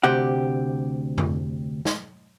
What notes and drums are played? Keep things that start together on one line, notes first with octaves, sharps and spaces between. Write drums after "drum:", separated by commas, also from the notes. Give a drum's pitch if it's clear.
D2 C3 G4 F#5
drum: tom F2
drum: snare